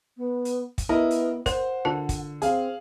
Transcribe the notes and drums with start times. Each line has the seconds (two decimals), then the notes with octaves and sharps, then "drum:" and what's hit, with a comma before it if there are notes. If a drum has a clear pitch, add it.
0.17 B3
0.45 drum: hi-hat
0.78 drum: kick, hi-hat
0.89 B3 E4 A#4 D#5
1.11 drum: hi-hat
1.46 A#4 C5 F#5, drum: kick, hi-hat
1.85 D3 F4 A#4 A5
2.09 drum: kick, hi-hat
2.42 C4 G#4 F5, drum: hi-hat